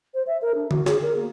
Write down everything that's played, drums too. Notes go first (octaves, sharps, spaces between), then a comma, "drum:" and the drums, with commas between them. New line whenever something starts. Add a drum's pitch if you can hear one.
C5
E5
A#4
D4
F#4, drum: tom D3
G#4, drum: snare
A#4
A#3